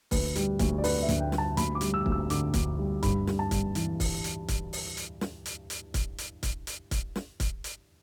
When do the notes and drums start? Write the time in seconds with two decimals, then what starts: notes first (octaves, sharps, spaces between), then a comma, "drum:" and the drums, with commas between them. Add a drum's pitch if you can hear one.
0.11 D2 B4, drum: kick, open hi-hat
0.36 G3, drum: hi-hat
0.59 D2, drum: kick, hi-hat
0.78 D5
0.84 D3 B4, drum: open hi-hat
1.02 E5
1.09 D2, drum: hi-hat
1.20 G5
1.32 G3, drum: snare
1.38 A5
1.57 D2 B5, drum: hi-hat
1.75 D6
1.81 G3, drum: hi-hat
1.94 E6
2.06 D2, drum: kick
2.12 E6
2.30 D3 D6, drum: hi-hat
2.54 D2, drum: kick, hi-hat
2.78 G3
3.03 G2 B5, drum: kick, hi-hat
3.27 G3, drum: snare
3.39 A5
3.51 G2, drum: kick, hi-hat
3.75 E3, drum: hi-hat
4.00 drum: kick, open hi-hat
4.24 drum: hi-hat
4.48 drum: kick, hi-hat
4.73 drum: open hi-hat
4.97 drum: hi-hat
5.21 drum: snare
5.46 drum: hi-hat
5.70 drum: hi-hat
5.94 drum: kick, hi-hat
6.18 drum: hi-hat
6.43 drum: kick, hi-hat
6.67 drum: hi-hat
6.91 drum: kick, hi-hat
7.16 drum: snare
7.40 drum: kick, hi-hat
7.64 drum: hi-hat